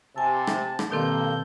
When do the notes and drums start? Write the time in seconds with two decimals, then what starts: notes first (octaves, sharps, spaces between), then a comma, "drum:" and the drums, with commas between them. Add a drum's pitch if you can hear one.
0.16 C3 G#5 A5 E6
0.47 drum: rim click
0.79 drum: rim click
0.91 G2 B2 D#3 A#3 C4 A4 G6